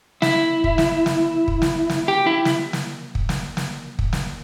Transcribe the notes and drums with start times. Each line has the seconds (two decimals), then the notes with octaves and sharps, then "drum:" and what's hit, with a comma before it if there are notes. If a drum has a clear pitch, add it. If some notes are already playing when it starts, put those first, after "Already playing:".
0.22 E4, drum: snare
0.64 drum: kick
0.78 drum: snare
1.06 drum: snare
1.48 drum: kick
1.62 drum: snare
1.89 drum: snare
2.08 G4
2.27 E4
2.45 drum: snare
2.73 drum: snare
3.15 drum: kick
3.29 drum: snare
3.57 drum: snare
3.99 drum: kick
4.13 drum: snare